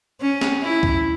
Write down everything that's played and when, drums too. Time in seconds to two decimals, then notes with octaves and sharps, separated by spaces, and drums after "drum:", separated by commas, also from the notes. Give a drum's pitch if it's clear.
0.21 C#4
0.41 drum: snare C4
0.62 E4
0.83 drum: kick